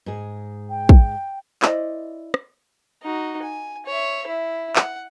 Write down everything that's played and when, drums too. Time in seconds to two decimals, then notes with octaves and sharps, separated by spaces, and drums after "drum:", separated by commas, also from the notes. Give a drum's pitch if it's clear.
0.06 G#2 G#4
0.70 G5
0.89 drum: kick
1.62 E4 C5 D5 D#5, drum: clap
2.34 drum: rim click
3.03 D#4 F#4
3.42 G#5
3.86 C#5 E5
4.27 E4
4.76 F#5, drum: clap